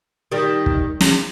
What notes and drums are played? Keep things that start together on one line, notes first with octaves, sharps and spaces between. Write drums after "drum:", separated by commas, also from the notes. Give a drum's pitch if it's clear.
D#3 G3
drum: kick
drum: snare